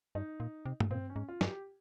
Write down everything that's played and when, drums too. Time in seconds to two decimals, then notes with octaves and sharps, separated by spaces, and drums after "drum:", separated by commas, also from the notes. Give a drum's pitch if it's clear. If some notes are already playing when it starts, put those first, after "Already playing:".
0.15 G2 D#4
0.40 A#2
0.66 C3
0.80 drum: tom
0.91 A#2 C4
1.10 C#4
1.16 G#2
1.28 F4
1.41 G2, drum: snare
1.47 G4